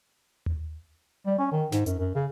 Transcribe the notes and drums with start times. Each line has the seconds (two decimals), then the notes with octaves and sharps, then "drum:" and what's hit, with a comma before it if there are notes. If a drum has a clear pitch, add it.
0.46 drum: tom D#2
1.26 G3
1.39 C#4
1.52 D#3
1.72 G#2, drum: snare
1.86 F#2, drum: hi-hat
1.99 F#2
2.15 C#3